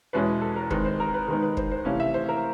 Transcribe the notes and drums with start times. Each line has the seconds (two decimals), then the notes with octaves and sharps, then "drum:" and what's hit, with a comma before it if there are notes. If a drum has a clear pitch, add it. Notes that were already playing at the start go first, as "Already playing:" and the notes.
0.13 E2 B2 G#3 C#4 E4 B4
0.42 A4
0.56 A#4
0.70 D#3 G#3 C4 B4, drum: kick
0.85 C5
1.00 A#4
1.14 B4
1.28 D#3 G#3 B3 D#4 A#4
1.43 B4
1.57 C5, drum: kick
1.71 C5
1.85 C3 E3 A3 C#4 E4 F5
2.00 E5
2.14 C5
2.29 A#4